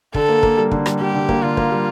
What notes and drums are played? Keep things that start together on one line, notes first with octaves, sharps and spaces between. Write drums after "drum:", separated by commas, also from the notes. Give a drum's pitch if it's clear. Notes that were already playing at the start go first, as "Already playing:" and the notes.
D3 A4, drum: kick
A#3
A#3, drum: kick
G3
D3, drum: kick
G3, drum: rim click
G3 G4
D3
A#3, drum: kick
D3 F4
A#3, drum: kick
G3